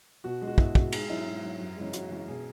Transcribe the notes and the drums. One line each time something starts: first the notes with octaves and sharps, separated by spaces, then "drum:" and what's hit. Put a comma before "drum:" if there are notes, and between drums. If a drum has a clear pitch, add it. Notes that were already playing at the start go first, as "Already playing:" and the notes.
B2 F#4
G#3
F#4
B2 E4, drum: kick
G#3 F#4, drum: kick
G#2 G#4, drum: cymbal
F#3 E4
G#2
F#3
F#2
C#3 E3 G#3
F#2 F#4, drum: hi-hat
C#3 E3 G#3
B2 G#4